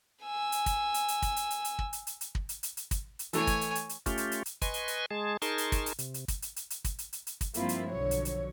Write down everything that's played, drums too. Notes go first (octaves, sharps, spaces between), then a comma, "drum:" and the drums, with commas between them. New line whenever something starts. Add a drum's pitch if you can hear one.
G#5 E6
drum: hi-hat
drum: kick, hi-hat
drum: hi-hat
drum: hi-hat
drum: kick, hi-hat
drum: hi-hat
drum: hi-hat
drum: hi-hat
drum: kick
drum: hi-hat
drum: hi-hat
drum: hi-hat
drum: kick
drum: hi-hat
drum: hi-hat
drum: hi-hat
drum: kick, hi-hat
drum: hi-hat
E3 A3 C#5 G#5, drum: hi-hat
drum: kick, hi-hat
drum: hi-hat
drum: hi-hat
drum: hi-hat
A3 C#4 F4 G4, drum: kick, hi-hat
drum: hi-hat
drum: hi-hat
drum: hi-hat
B4 D#5 G#5 C6 C#6, drum: kick, hi-hat
drum: hi-hat
drum: hi-hat
G#3 G#4 A5
D#4 G#4 A#4 A5 C6 C#6, drum: hi-hat
drum: hi-hat
drum: kick, hi-hat
drum: hi-hat
C3, drum: hi-hat
drum: hi-hat
drum: kick, hi-hat
drum: hi-hat
drum: hi-hat
drum: hi-hat
drum: kick, hi-hat
drum: hi-hat
drum: hi-hat
drum: hi-hat
drum: kick, hi-hat
G2 F3 A#3 C4 E4 F4, drum: hi-hat
drum: hi-hat
B1 D3 F3 F#3 C#5
drum: hi-hat
drum: hi-hat